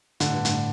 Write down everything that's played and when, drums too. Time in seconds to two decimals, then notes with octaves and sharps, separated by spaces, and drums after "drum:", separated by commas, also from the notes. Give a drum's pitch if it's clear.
0.20 A2 D3, drum: hi-hat
0.32 G2
0.45 A2, drum: hi-hat